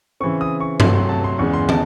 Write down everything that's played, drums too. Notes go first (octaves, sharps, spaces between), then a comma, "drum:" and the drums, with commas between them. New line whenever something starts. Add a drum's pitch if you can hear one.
C#3 E3 C4 C#6
D#6
C#6
C3 F#3 A3 C6, drum: tom G2
C6
A5
C6
E2 C#3 G#3 C#6
C6
A5, drum: tom